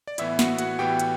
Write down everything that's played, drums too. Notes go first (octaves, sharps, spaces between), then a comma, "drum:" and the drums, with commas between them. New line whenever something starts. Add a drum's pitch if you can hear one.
D5
A2 E3 B3 E4 E5, drum: hi-hat
F#4 F#5, drum: snare
F#4 F#5, drum: hi-hat
A2 E3 B3 G4 G5
drum: hi-hat